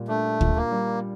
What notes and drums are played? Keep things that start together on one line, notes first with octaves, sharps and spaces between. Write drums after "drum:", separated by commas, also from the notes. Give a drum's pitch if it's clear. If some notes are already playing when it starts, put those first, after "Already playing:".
Already playing: A#2 G3
A3 D4
F4, drum: kick
A#3
G3